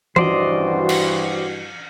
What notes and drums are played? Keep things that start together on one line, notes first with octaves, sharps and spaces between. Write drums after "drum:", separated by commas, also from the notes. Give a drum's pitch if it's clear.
G2 E3 F#4 C5 D5 D#5, drum: tom E3
drum: cymbal